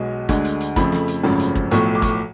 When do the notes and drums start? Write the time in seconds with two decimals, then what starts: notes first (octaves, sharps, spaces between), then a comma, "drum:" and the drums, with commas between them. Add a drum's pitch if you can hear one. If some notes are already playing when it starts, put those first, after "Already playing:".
Already playing: B1 B2 G#3
0.29 D2 D3 G#3, drum: kick, hi-hat
0.45 drum: hi-hat
0.61 drum: hi-hat
0.76 F2 C#3 F3 A3 B5, drum: kick, hi-hat
0.92 drum: snare
1.08 drum: hi-hat
1.23 G#1 F#2 C#3 F3 A3, drum: open hi-hat
1.40 drum: hi-hat
1.55 drum: kick
1.71 B1 A2 F3 A3 C#6, drum: hi-hat
1.95 D6
2.02 C#6, drum: kick, hi-hat
2.09 D6